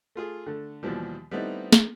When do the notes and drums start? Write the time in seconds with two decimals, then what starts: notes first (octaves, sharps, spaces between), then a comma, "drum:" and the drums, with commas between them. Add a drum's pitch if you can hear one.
0.15 A3 F4 G#4
0.46 D3 A3
0.83 D#2 B2 E3 F3 G3
1.31 G3 A3 B3 C4 D#4 E4
1.72 drum: snare